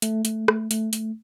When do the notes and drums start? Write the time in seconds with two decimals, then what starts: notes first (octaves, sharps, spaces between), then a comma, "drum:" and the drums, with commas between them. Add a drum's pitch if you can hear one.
0.02 A3, drum: hi-hat
0.25 A3, drum: hi-hat
0.48 A3, drum: rim click
0.71 A3, drum: hi-hat
0.93 A3, drum: hi-hat